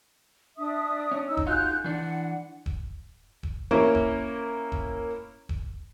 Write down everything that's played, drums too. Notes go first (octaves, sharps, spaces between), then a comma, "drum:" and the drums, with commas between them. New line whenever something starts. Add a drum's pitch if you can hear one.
D4 E5 D#6
C#4
D#4 E6
drum: kick D#1
D#4 F4 F#4 G#4 F#6 G6
E3 D4 F#5
drum: kick D#1
drum: kick D#1
A#3 C#4 E4
drum: kick D#1
drum: kick D#1
drum: kick D#1